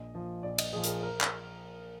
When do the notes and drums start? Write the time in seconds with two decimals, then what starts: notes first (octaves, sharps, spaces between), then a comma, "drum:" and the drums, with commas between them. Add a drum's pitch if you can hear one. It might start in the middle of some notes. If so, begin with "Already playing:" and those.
Already playing: A#1 D#5
0.15 A#2 F3
0.43 A#1 D5
0.58 D#5, drum: cymbal
0.73 A#2 F3 G#4
0.84 A#4, drum: hi-hat
0.88 G#4
1.03 A#4
1.21 drum: clap